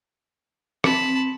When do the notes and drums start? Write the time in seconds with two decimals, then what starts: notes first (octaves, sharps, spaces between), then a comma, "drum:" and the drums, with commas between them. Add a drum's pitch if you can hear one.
0.84 C4 A5 B5, drum: rim click